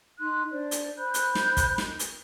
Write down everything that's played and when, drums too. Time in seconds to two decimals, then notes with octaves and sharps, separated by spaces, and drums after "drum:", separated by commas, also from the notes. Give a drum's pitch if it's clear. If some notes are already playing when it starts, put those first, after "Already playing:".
0.18 D#4 C6 F#6
0.50 D4 C5 D5
0.71 drum: hi-hat
0.97 C5 B5 F#6 G6
1.14 drum: hi-hat
1.35 drum: snare
1.57 drum: kick, hi-hat
1.78 drum: snare
1.99 drum: hi-hat